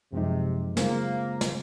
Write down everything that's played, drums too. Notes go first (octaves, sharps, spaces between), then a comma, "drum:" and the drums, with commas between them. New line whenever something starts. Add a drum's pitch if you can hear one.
F#2 C3 F3 G#3 D#4
C#3 G#3 A#3 C4 F4 C5, drum: snare
drum: snare